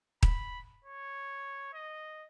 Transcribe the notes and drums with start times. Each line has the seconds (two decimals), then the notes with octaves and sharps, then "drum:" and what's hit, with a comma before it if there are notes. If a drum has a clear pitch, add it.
0.23 B5, drum: kick D#1
0.84 C#5
1.74 D#5